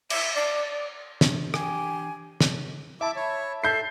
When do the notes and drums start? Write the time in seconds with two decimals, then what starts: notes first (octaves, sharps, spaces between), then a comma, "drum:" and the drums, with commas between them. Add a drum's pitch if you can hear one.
0.10 E5, drum: cymbal
0.35 D5
1.21 E3 D4, drum: snare
1.54 G4 G#5, drum: rim click
2.41 drum: snare
3.01 E4 E5 A5 B5 D6
3.16 C#5
3.64 A4 E5 G6 C7